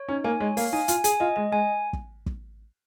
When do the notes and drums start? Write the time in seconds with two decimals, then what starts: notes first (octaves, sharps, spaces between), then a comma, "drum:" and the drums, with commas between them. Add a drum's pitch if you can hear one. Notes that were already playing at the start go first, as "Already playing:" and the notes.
Already playing: C#5
0.09 C#4 D#4
0.24 A#3 G#5
0.40 G#3 C#5
0.57 A#3 F5, drum: open hi-hat
0.73 D#4 G#5
0.88 F4 G#5, drum: hi-hat
1.04 G#4 G#5, drum: hi-hat
1.20 F4 D#5
1.36 G#3 D#5
1.52 G#3 G#5
1.93 drum: kick
2.26 drum: kick